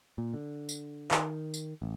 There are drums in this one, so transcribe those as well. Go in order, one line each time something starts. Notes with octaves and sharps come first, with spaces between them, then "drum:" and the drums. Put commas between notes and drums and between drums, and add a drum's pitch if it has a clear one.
A#2
D3
drum: tambourine
D#3, drum: clap
drum: tambourine
A1